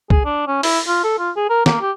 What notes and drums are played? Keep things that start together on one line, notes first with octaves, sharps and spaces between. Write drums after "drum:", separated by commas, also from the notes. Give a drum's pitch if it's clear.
G#4, drum: kick C2
D4
C#4
E4, drum: open hi-hat
F4
A4
F4
G#4
A#4
A#3, drum: snare
G4